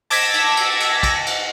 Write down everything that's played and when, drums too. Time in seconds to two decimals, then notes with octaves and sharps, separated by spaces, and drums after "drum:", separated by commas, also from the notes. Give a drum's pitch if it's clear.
0.10 A5 D6 E6 G#6 A#6 B6, drum: cymbal
0.34 drum: cymbal
0.57 drum: cymbal
0.80 drum: cymbal
1.03 drum: kick, cymbal
1.26 drum: cymbal